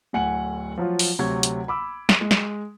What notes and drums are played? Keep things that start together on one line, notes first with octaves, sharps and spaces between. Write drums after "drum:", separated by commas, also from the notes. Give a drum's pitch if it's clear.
D1 A2 F#5 G#5 C#7 F#7
F3 F#3 F4
drum: open hi-hat
D2 C3 F#3 C#6 G#6
drum: hi-hat
B5 D6 E6
drum: snare
G#3
drum: snare